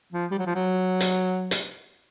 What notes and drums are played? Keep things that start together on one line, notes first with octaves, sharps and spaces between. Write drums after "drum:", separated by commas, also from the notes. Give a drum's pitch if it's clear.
F3
G3
F#3
F3
F#3
drum: hi-hat
drum: hi-hat